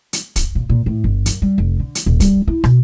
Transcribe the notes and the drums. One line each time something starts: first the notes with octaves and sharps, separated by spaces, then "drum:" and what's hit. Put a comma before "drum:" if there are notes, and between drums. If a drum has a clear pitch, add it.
drum: hi-hat
drum: kick, hi-hat
A#2
A#2
A2
G1
F#2, drum: hi-hat
G3
F1
D3
drum: hi-hat
D#1
G3, drum: kick, hi-hat
E4
B2, drum: rim click